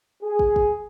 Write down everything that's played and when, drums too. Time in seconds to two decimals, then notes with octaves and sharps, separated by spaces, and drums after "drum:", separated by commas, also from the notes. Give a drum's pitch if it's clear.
0.23 G#4
0.39 drum: kick
0.56 drum: kick